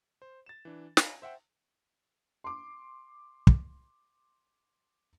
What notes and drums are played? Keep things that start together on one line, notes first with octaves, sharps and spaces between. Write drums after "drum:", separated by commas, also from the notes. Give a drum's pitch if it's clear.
C5
A6 E7
E3 D4
C#5 D#5 F5 G#5 A#5 B5, drum: snare
C5 E5 F#5 G5 C6
C6 D6
drum: kick